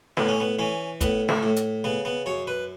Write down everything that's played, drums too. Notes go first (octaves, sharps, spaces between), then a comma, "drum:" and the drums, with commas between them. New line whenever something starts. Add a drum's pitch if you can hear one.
A2 B3, drum: snare
C#4
B3
E3 C#4
A2 B3, drum: kick, hi-hat
A3, drum: snare
A2
drum: hi-hat
C#3 B3
B3
F#2 C#5
B4